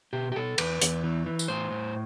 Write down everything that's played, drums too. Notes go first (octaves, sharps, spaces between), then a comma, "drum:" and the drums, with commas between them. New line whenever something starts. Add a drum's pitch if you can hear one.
B2 G4
G4
B2 A4
E2 B4, drum: cymbal
E2, drum: hi-hat
E3
E3
drum: tambourine
A2 C5
A2